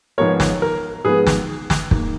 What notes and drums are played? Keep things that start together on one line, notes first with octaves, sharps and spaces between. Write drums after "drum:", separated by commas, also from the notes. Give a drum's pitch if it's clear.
G#2 F3 G#3 B3 A#4 C#5
drum: snare
A#4
G#2 F3 G#3 B3 G#4 B4
drum: snare
drum: snare
G#2 D#3 A#3, drum: kick